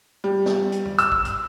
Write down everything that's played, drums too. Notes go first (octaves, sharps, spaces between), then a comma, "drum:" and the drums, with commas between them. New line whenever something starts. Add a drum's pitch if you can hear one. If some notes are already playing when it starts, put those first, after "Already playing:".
G3
drum: snare
drum: hi-hat
drum: tom
E6, drum: hi-hat
drum: kick
drum: hi-hat